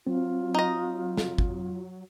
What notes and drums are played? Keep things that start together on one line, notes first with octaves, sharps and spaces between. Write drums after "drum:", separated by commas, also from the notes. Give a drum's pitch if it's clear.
F#3 C4 F4
D#4 D#5
drum: snare
drum: kick